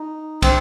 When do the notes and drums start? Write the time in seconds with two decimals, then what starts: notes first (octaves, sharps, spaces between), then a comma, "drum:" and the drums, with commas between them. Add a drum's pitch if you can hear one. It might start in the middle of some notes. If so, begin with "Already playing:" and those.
Already playing: D#4
0.42 C4 D4, drum: kick, cymbal